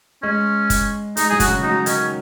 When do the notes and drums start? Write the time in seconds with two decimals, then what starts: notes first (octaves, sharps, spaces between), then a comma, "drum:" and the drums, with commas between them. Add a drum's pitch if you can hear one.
0.23 G#3 C#4
0.70 drum: kick, hi-hat
1.17 G#3 D#4, drum: hi-hat
1.30 F#3 G#4
1.40 F#4, drum: kick, hi-hat
1.47 C#3 C#4
1.62 F#3 D#4 F#4
1.86 D#3 C#4 D#4, drum: hi-hat